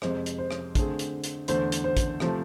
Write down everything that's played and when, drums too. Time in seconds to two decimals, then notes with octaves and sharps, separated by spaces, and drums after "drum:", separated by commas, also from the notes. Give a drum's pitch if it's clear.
0.02 F2 C3 G#3 C5, drum: rim click
0.26 drum: hi-hat
0.38 C5
0.51 drum: rim click
0.75 D3 A3 C4 G#4, drum: kick, hi-hat
0.99 drum: hi-hat
1.24 drum: hi-hat
1.48 E2 D3 A3 C5, drum: hi-hat
1.72 drum: hi-hat
1.84 C5
1.97 drum: kick, hi-hat
2.20 C3 F3 A3 C5, drum: rim click